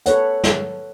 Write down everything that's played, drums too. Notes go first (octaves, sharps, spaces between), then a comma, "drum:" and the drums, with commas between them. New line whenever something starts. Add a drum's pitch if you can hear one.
A4 B4 C#5 F#5, drum: hi-hat
drum: snare